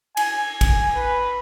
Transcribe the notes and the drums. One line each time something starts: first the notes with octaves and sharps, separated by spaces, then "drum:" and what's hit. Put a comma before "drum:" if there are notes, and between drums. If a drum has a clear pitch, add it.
G#5, drum: cymbal
drum: kick A1, cymbal
B4